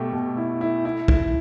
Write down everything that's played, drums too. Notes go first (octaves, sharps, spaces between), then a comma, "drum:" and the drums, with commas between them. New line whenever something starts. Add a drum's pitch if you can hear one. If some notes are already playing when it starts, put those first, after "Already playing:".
Already playing: B2 A3 G4
B2
E4
E4
E4
E4, drum: kick